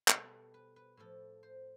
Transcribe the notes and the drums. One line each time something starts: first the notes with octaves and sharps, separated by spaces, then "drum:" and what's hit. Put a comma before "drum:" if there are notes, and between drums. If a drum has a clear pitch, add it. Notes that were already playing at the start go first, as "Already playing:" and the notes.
B2 G3 A4, drum: clap
B4
B4
A2 F3 A3 A4
C5